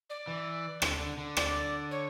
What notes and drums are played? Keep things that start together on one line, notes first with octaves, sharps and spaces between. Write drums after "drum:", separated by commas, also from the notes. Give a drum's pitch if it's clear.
D5
E3
D3, drum: rim click
D3
D3
D5, drum: rim click
C#5